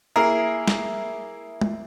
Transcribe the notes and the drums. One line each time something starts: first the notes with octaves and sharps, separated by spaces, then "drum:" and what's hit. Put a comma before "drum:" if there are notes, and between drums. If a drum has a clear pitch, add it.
A#3 E4 G#4 A#4
drum: snare
drum: tom